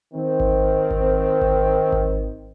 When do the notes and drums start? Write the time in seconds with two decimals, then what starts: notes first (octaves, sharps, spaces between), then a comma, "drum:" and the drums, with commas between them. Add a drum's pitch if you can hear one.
0.14 D#3 C4
0.40 drum: kick G#1
0.91 drum: kick G#1
1.42 drum: kick G#1
1.92 drum: kick G#1